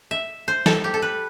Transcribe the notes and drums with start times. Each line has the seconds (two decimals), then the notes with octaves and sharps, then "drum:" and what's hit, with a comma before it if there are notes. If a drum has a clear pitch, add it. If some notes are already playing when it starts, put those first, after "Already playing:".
0.11 E5
0.48 C5
0.66 A4, drum: snare
0.84 G4
0.94 A4
1.02 B4